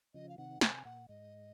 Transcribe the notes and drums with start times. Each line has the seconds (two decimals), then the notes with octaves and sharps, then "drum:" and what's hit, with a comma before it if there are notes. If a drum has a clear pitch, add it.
0.14 C#3 F3 D#5
0.29 F5
0.38 C3 D#3 F#5
0.61 C3 G#5, drum: snare
0.85 A#2 F#5
1.08 G#2 D#5